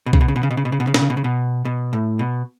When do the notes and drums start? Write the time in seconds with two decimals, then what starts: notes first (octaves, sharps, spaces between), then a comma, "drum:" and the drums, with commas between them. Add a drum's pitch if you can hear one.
0.06 B2
0.13 C#3, drum: kick
0.21 B2
0.28 C#3
0.36 B2
0.43 C#3
0.51 B2
0.57 C#3
0.65 B2
0.72 C#3
0.80 B2
0.87 C#3
0.94 B2, drum: snare
1.01 C#3
1.10 B2
1.17 C#3
1.24 B2
1.65 B2
1.93 A2
2.19 B2